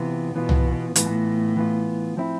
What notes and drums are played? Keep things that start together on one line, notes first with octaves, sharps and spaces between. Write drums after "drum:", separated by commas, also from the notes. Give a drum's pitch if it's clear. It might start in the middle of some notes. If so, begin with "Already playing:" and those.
Already playing: C3 E3 B3 F4
B2 E3 B3 F4
drum: tom C2
A2 E3 B3 F4, drum: hi-hat
E3 B3 F4
F3 C4 E4